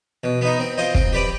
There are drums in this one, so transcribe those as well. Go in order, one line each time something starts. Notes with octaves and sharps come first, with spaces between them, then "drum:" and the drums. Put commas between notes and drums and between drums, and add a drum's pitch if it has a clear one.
B2
B3 D#4
C4
F4 C5 D#5
C4, drum: kick
G4 B4 D5